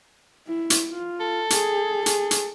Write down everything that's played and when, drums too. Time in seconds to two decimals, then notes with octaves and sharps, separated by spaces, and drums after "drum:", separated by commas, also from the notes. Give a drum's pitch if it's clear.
0.48 E4
0.70 drum: hi-hat
0.89 F4
1.20 A4
1.50 G#4, drum: hi-hat
2.06 G#4, drum: hi-hat
2.31 drum: hi-hat